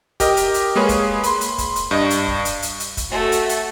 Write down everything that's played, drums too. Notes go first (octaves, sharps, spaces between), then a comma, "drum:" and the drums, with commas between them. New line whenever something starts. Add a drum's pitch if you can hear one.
G4 A#4 D#5, drum: kick, hi-hat
drum: hi-hat
drum: hi-hat
G#3 A#3 G#4 B4 C#5
drum: kick, hi-hat
B5 C6, drum: hi-hat
drum: hi-hat
drum: kick, hi-hat
drum: hi-hat
G2 D#5
drum: hi-hat
drum: kick
drum: hi-hat
drum: hi-hat
drum: hi-hat
drum: kick, hi-hat
A3 F#4
drum: hi-hat
drum: hi-hat